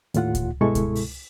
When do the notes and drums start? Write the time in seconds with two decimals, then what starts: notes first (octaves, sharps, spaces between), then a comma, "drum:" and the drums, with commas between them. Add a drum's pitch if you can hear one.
0.14 D#2 A2 F4 F#5, drum: hi-hat
0.35 drum: kick C#2, hi-hat
0.61 G2 B2 G#3 E4 A4 C#6
0.75 drum: kick C#2, hi-hat
0.95 drum: open hi-hat